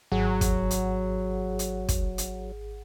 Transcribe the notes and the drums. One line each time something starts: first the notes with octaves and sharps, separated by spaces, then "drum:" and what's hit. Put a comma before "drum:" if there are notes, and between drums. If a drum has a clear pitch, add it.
G#1 F#3 G#4 F#5
drum: kick, hi-hat
drum: hi-hat
drum: hi-hat
drum: kick, hi-hat
drum: hi-hat